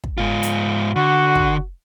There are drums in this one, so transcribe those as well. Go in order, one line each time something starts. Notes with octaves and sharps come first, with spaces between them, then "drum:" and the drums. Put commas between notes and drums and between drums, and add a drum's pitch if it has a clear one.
drum: kick
G#2 F4
drum: hi-hat
D3 F#4
drum: kick